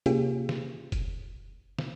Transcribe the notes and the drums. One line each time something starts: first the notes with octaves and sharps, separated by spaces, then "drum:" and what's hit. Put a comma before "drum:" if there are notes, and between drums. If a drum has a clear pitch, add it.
C3 A#3 C#4 F4 G4 G#4, drum: hi-hat
drum: snare
drum: kick F1, hi-hat
drum: snare